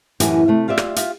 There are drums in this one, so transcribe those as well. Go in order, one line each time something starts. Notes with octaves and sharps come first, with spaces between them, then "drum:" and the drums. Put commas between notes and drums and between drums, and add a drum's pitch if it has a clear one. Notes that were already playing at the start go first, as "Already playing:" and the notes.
F#2 A2 E3 F#4 G4 B4, drum: hi-hat
C3 A3
F4 G4 D5 E5
drum: rim click
F4 G4, drum: hi-hat